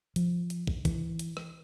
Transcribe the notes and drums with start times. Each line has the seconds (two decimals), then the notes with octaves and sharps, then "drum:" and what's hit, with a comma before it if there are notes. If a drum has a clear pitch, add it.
0.16 F3, drum: hi-hat
0.50 drum: hi-hat
0.67 drum: kick
0.85 E3, drum: kick, hi-hat
1.19 drum: hi-hat
1.37 drum: rim click